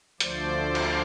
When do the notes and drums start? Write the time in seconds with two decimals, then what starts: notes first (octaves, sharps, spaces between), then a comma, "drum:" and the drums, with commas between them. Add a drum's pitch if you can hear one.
0.20 D2 D3 F3 A3 C5 D5, drum: hi-hat
0.75 drum: cymbal